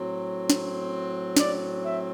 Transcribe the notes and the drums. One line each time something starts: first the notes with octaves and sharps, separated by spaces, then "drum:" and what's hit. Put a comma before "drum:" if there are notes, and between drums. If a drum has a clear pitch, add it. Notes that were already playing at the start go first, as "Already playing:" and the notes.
Already playing: A2 F#3 C4
drum: snare
D5, drum: snare
E5